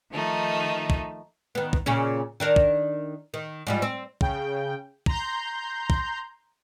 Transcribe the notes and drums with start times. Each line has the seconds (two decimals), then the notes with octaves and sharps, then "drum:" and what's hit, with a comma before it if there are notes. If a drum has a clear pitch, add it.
0.11 D#3 F3 A3 D#4
0.90 drum: kick
1.55 D#3 B3
1.73 drum: kick
1.86 A#2 C#3 C#4
2.40 D#3 D4 A#4
2.56 drum: kick
3.34 D#3
3.67 G#2 F3 G3
3.82 C4
4.21 C#3 G5, drum: kick
5.06 A#5 C6 G6, drum: kick
5.90 drum: kick